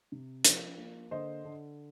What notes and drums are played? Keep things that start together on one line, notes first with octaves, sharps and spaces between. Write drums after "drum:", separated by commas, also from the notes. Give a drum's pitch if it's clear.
C3
F3, drum: hi-hat
A#3
D3 C5 D#5
D3